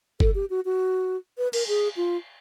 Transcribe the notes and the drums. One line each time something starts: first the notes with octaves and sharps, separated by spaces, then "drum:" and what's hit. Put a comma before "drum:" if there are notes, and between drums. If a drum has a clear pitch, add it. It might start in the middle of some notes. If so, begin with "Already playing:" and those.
A4, drum: kick F#1
G4
F#4
F#4
B4
A#4, drum: cymbal
G#4
F4